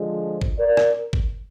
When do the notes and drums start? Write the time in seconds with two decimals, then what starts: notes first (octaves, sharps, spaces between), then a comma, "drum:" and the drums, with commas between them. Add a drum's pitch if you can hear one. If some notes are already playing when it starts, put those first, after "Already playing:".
Already playing: D3 F3 G#3
0.42 drum: kick
0.59 A#4 D5
0.77 drum: rim click
1.13 drum: kick